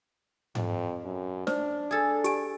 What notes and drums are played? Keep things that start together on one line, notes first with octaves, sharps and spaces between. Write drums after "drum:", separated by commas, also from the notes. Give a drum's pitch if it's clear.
F2, drum: tom G#2
F#2
D4 C5, drum: snare
G#4 A4
G4 G#5, drum: hi-hat